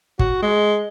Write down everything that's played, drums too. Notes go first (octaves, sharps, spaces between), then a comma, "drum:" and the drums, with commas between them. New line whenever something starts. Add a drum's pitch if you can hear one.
F#4, drum: kick
G#3